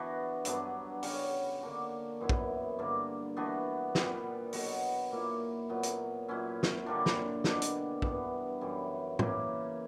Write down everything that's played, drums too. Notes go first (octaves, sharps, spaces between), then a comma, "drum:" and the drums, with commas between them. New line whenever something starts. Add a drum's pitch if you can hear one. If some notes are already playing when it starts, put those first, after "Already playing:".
Already playing: E3 B3 D4 F#4
G2 F#3 B3 D4, drum: hi-hat
C#3 G3 C#4 F#4, drum: open hi-hat
D3 A#3 D4 F#4
F#2 E3 B3 E4
drum: kick
G2 D3 A#3
E3 B3 D4 F#4
A#2 G3 B3, drum: snare
B2 F#3 B3 F#4, drum: open hi-hat
A#2 A#3 E4
A#2 F#3 B3
drum: hi-hat
A#2 F#3 C#4 E4
drum: snare
D3 G3 A#3 D4
drum: snare
B2 A#3 D4, drum: snare
drum: hi-hat
G2 E3 B3, drum: kick
F#2 E3 G3
C#3 E3 A#3 E4, drum: tom A2